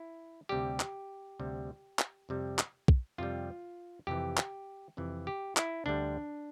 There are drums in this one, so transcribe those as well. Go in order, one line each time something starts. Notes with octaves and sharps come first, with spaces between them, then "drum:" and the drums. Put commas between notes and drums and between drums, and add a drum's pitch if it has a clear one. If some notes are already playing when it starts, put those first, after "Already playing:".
Already playing: E4
D2 C3 G3 G4
drum: clap
D2 C3 G3
drum: clap
F2 C3 G3
drum: clap
drum: kick
F2 C3 G3 F4
F2 C3 E3 G4
drum: clap
F2 C3 E3
G4
E4, drum: clap
D2 D3 G3 D4